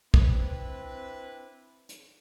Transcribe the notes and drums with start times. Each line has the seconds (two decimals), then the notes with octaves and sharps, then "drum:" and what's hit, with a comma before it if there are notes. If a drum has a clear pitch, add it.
0.14 C4 D4 E4 B4, drum: kick
1.89 drum: hi-hat